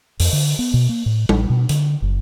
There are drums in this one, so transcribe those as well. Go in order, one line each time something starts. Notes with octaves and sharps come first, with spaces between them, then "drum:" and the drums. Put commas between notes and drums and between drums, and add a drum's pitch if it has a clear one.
F2, drum: open hi-hat
D3
B3
B2
A#3
A2
A1, drum: tom G3
B2
D3, drum: hi-hat
F#1